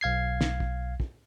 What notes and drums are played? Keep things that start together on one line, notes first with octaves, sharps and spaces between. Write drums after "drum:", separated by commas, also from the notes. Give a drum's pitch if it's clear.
B1 F5 G#6 C7
drum: snare
drum: kick
drum: kick